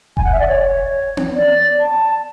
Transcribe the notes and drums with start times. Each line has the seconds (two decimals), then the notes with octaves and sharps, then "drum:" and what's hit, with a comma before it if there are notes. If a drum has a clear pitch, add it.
0.17 G#5, drum: kick F1
0.24 F#5
0.32 E5
0.39 D5
0.48 C#5
1.17 drum: tom B3
1.36 D5
1.80 A5